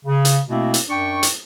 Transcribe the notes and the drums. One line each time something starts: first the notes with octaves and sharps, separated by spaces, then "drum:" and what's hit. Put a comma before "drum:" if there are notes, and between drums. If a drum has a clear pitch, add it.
C#3
drum: hi-hat
B2 A3 A#3 C4 E4
drum: hi-hat
F#2 D4 G5 C#6
drum: hi-hat